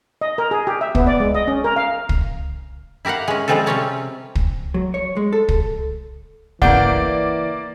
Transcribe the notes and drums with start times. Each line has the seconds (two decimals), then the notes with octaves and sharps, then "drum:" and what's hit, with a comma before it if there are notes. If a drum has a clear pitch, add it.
0.21 D#5
0.38 A#4
0.51 G#4
0.67 G4
0.81 E5
0.95 B3, drum: kick
1.07 D5
1.20 G#3
1.34 D#5
1.48 C#4
1.64 A#4
1.76 F5
2.09 drum: kick
3.05 E4 G4 A#4 F5 F#5
3.28 G#3 C#4
3.48 F3 G3 G#3 C4 F4 A4
3.66 C3 G3 C4 C#4 C#5 A5
4.35 drum: kick
4.74 F#3
4.94 C#5
5.17 G#3
5.33 A4
5.48 drum: kick
6.62 G1 C#3 E3 A#3 D5 F#5 G6, drum: kick